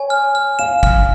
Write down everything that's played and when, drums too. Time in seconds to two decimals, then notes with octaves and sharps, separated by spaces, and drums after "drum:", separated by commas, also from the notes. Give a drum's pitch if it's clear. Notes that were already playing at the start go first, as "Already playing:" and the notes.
Already playing: C#5 G#5
0.10 F6
0.35 F6
0.59 F5 E7
0.83 F6, drum: kick